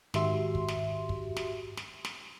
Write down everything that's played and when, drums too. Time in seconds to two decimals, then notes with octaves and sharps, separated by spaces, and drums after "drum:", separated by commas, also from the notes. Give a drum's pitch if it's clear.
0.14 G#2 D#3 F#4 G4 E5 C6, drum: snare
0.55 drum: kick
0.68 drum: snare
1.09 drum: kick
1.36 drum: snare
1.77 drum: snare
2.05 drum: snare